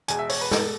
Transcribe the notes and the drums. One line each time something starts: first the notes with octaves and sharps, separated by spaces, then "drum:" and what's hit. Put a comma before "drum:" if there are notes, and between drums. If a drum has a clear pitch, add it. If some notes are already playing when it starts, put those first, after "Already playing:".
E2 B2 G#3 G#5, drum: hi-hat
E5
C#5, drum: open hi-hat
B4
A4, drum: snare